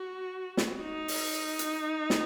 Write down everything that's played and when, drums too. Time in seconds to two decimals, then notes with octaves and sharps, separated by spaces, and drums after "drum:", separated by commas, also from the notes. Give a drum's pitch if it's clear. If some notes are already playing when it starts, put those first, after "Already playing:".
Already playing: F#4
0.57 drum: snare
0.83 D#4
1.08 drum: open hi-hat
1.59 drum: hi-hat
2.10 drum: snare